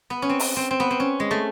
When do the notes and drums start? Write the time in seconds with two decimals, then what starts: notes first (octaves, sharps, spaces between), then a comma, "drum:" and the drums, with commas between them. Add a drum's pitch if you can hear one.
0.10 B3
0.22 C#4
0.29 C4
0.40 drum: open hi-hat
0.56 C4
0.71 C4
0.80 B3
0.90 C4
1.00 C#4
1.20 G#3
1.31 A3